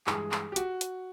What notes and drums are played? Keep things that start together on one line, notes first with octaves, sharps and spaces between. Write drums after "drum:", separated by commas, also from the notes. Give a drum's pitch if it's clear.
G2 E3 G#3 G#4, drum: clap
drum: clap
G4
F#4, drum: hi-hat
drum: hi-hat